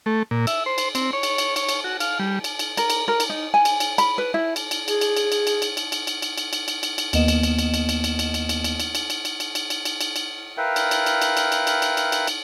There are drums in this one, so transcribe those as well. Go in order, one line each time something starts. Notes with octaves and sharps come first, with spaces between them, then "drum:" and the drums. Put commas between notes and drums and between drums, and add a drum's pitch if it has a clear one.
A3
A#2
E5, drum: cymbal
C5
drum: cymbal
C4, drum: cymbal
C#5
drum: cymbal
drum: cymbal
C#5, drum: cymbal
drum: cymbal
F#4
F5, drum: cymbal
G3
drum: cymbal
drum: cymbal
A#4, drum: cymbal
drum: cymbal
A#4
drum: cymbal
D#4
G#5
drum: cymbal
drum: cymbal
B5, drum: cymbal
B4
E4
drum: cymbal
drum: cymbal
G#4, drum: cymbal
drum: cymbal
drum: cymbal
drum: cymbal
drum: cymbal
drum: cymbal
drum: cymbal
drum: cymbal
drum: cymbal
drum: cymbal
drum: cymbal
drum: cymbal
drum: cymbal
drum: cymbal
drum: cymbal
D#2 A#3 B3 D#5 E7, drum: cymbal
drum: cymbal
drum: cymbal
drum: cymbal
drum: cymbal
drum: cymbal
drum: cymbal
drum: cymbal
drum: cymbal
drum: cymbal
drum: cymbal
drum: cymbal
drum: cymbal
drum: cymbal
drum: cymbal
drum: cymbal
drum: cymbal
drum: cymbal
drum: cymbal
drum: cymbal
drum: cymbal
A#4 B4 E5 F5 G5
drum: cymbal
drum: cymbal
drum: cymbal
drum: cymbal
drum: cymbal
drum: cymbal
drum: cymbal
drum: cymbal
drum: cymbal
drum: cymbal
drum: cymbal